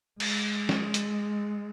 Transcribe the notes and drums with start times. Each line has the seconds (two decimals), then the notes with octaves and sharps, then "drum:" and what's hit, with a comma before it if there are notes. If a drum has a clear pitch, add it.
0.20 G#3, drum: cymbal
0.69 drum: snare
0.94 drum: hi-hat